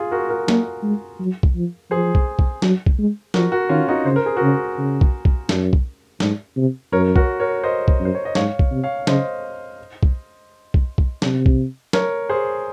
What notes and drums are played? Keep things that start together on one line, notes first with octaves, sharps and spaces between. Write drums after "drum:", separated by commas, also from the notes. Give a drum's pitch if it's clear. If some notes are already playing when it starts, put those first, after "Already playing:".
Already playing: F4 G#4
F#4 A#4
F#4 A#4
A#3, drum: snare
G#3
F#3
drum: kick B1
F3
F3 G#4 C5
drum: kick B1
drum: kick B1
F#3, drum: snare
drum: kick B1
G#3
F3 F#4 A#4, drum: snare
F#4 A#4
D#3 C#4 F4
D#4 F#4
C#3 C5
A#4
G#4
F#4 A#4
C#3
C#3
drum: kick B1
drum: kick B1
F#2, drum: snare
drum: kick B1
G#2, drum: snare
C3
F#2 A#4 C#5
F#4 A#4, drum: kick B1
A#4 C#5
C5 D#5
drum: kick B1
F#2
C5
C#5
D#5
G#2 C#5 F5, drum: snare
drum: kick B1
C3
C#5 F5
C#3 C5 D#5, drum: snare
drum: kick B1
drum: kick B1
drum: kick B1
C3, drum: snare
drum: kick B1
A#4 C#5, drum: snare
G#4 C5